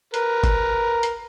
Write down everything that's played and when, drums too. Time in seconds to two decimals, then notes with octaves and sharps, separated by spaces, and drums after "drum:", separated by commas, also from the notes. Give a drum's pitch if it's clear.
0.14 A#4 B4, drum: hi-hat
0.44 drum: kick G1, hi-hat
1.03 drum: hi-hat